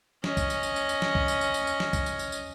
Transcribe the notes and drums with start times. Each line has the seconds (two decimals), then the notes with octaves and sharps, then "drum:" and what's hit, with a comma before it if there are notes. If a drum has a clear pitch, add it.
0.24 C#4 D#5, drum: snare
0.37 drum: kick, tambourine
0.50 drum: tambourine
0.63 drum: tambourine
0.76 drum: tambourine
0.89 drum: tambourine
1.02 drum: snare
1.15 drum: kick
1.28 drum: tambourine
1.41 drum: tambourine
1.54 drum: tambourine
1.67 drum: tambourine
1.80 drum: snare
1.93 drum: kick, tambourine
2.06 drum: tambourine
2.19 drum: tambourine
2.32 drum: tambourine